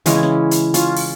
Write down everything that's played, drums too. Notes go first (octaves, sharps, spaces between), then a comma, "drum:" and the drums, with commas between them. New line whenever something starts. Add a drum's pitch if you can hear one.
C#3 E3 G#3 C#4, drum: hi-hat
E4
C#4
drum: hi-hat
C#4 F4, drum: hi-hat
drum: open hi-hat